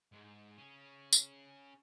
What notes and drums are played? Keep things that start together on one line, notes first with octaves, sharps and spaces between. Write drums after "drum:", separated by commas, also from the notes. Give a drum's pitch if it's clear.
G#2 G#3
C#4 G#4
drum: tambourine